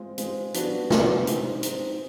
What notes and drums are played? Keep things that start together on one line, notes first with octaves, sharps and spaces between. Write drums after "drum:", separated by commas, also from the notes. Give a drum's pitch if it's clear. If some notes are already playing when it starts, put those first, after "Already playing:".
Already playing: G#3 C4 F4
G#3 C4 F4, drum: hi-hat
G3 B3 D4 F#4, drum: hi-hat
G3 B3 D4 F#4, drum: snare
G#3 C4 D#4, drum: hi-hat
G#3 C4 D#4, drum: hi-hat